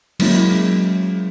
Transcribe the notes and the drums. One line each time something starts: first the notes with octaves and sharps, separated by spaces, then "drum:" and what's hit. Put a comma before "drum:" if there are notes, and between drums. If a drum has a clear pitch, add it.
F#3 G#3 A#3 C#4 E4, drum: cymbal